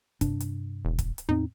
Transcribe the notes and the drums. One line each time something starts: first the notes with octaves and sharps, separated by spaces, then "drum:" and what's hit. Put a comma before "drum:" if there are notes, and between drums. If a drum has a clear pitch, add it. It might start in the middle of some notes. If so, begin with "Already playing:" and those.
G2 C3 D4, drum: kick, hi-hat
drum: hi-hat
E1
drum: kick, hi-hat
drum: hi-hat
E2 A2 C4 D#4